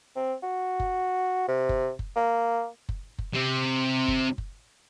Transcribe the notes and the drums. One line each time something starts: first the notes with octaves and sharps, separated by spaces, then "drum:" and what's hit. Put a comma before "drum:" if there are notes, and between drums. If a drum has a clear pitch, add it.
C4
F#4
drum: kick F#1
C3
drum: kick F#1
drum: kick F#1
A#3
drum: kick F#1
drum: kick F#1
C3 C4
drum: kick F#1
drum: kick F#1